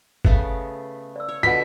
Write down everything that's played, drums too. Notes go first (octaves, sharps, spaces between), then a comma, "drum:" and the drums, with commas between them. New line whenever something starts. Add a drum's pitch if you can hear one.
C#3 A3 B3, drum: kick G1
D5 E6
C#5
B2 D3 F4 A4 F#5 B6